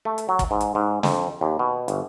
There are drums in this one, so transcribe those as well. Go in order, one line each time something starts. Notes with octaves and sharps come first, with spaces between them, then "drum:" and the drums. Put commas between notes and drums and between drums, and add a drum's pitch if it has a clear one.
A3
drum: hi-hat
F#3
drum: kick, hi-hat
G#2
drum: hi-hat
G#2
F2, drum: snare
D#2
B2
G1, drum: hi-hat